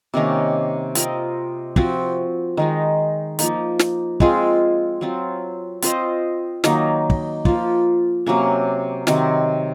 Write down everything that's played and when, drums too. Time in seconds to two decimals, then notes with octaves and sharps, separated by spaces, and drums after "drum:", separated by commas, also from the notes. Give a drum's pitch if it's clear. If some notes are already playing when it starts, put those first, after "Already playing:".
0.14 C3 D#3 A#3 C#4
0.95 C4 F4 A#4 D#5, drum: hi-hat
1.76 F3 C4 F#4, drum: kick
2.57 D#3 G#3 D#4
3.39 F3 A#3 D#4, drum: hi-hat
3.79 drum: snare
4.20 G#3 C4 F4 G#4, drum: kick
5.01 F#3 C4 F4
5.82 C4 F4 C5 D#5, drum: hi-hat
6.64 D#3 F#3 A#3 D#4, drum: snare
7.10 drum: kick
7.45 F3 A#3 F4, drum: kick
8.26 C3 F#3 A#3 C#4
9.07 C3 D#3 F#3 C4, drum: snare